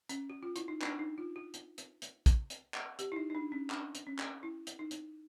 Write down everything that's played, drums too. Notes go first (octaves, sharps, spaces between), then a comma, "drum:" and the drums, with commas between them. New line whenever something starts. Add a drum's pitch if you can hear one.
C#4, drum: hi-hat
F#4
F4
E4, drum: hi-hat
D#4
D4, drum: clap
D#4
F4
F#4
drum: hi-hat
drum: hi-hat
drum: hi-hat
drum: kick, hi-hat
drum: hi-hat
drum: clap
G4, drum: hi-hat
E4
D#4
D#4
D4
C#4
D4, drum: clap
drum: hi-hat
C#4
drum: clap
E4
drum: hi-hat
D#4
drum: hi-hat